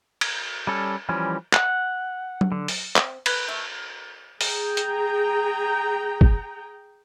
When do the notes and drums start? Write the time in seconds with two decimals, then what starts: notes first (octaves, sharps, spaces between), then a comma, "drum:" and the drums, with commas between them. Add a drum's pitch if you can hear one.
0.21 drum: cymbal
0.67 G3 C#4 A4
1.09 E3 F3 G3 C#4
1.53 F#5, drum: clap
2.41 drum: tom F#3
2.52 D3
2.68 drum: open hi-hat
2.96 C4, drum: clap
3.26 B4, drum: cymbal
3.49 A3
4.41 G#4 G5 A#5, drum: open hi-hat
4.77 drum: hi-hat
6.21 drum: kick